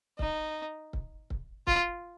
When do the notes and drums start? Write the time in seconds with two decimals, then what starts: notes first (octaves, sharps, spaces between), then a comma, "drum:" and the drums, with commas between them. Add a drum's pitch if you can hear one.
0.19 D#4, drum: kick C#1
0.93 drum: kick C#1
1.30 drum: kick C#1
1.67 F4, drum: kick C#1